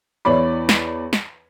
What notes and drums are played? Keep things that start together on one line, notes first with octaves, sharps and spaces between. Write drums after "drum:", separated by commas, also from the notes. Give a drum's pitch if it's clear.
E2 E3 C#5 D5 B5
drum: snare
drum: snare